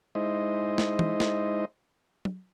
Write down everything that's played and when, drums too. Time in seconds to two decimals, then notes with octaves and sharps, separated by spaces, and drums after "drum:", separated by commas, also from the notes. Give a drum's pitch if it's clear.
0.15 G#3 D#4 E4 C5 D#5
0.78 drum: snare
0.99 drum: tom E3
1.20 drum: snare
2.25 drum: tom